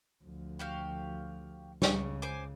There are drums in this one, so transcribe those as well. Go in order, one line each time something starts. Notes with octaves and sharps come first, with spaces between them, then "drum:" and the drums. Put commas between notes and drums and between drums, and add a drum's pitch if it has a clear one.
D2 F3
F#4 G4 F5
C#2 C#3 C#6, drum: snare
C5 G#5 D6